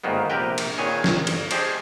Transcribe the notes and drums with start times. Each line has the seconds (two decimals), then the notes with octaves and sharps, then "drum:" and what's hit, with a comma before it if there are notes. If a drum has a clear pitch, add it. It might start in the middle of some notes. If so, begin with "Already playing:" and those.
0.04 G1 G#2 D#3 A#3 B3
0.30 A#1 C3 G4 A#4 B4 G5
0.58 drum: cymbal
0.78 A#2 D#3 G#4 B4 C#5 G#5
1.04 drum: snare
1.27 G1, drum: cymbal
1.51 G4 G#4 C5 D5 D#5 A5, drum: cymbal